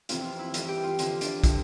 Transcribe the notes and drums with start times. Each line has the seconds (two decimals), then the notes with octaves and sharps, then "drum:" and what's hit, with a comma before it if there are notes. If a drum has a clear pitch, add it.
0.09 F2 C3 E3 F4, drum: hi-hat
0.25 F4
0.39 E4
0.54 G2 E3 F4, drum: hi-hat
0.68 G4
0.83 F4
0.99 F2 D3 F4, drum: hi-hat
1.21 D4, drum: hi-hat
1.44 D3, drum: kick, hi-hat